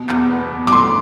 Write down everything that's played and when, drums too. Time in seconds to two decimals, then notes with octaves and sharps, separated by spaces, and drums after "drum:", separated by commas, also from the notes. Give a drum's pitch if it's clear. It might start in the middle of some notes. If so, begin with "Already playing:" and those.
Already playing: B2
0.09 E2, drum: clap
0.30 B3
0.51 B2
0.67 D6, drum: snare
0.72 D3 C6